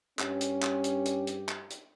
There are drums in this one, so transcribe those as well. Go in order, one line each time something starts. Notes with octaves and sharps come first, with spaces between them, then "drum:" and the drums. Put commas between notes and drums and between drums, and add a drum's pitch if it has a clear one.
G2 C#4 G4, drum: clap
drum: hi-hat
drum: clap
drum: hi-hat
drum: hi-hat
drum: hi-hat
drum: clap
drum: hi-hat